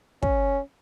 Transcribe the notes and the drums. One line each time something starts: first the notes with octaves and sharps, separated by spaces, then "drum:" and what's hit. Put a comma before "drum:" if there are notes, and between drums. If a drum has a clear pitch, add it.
C#4, drum: kick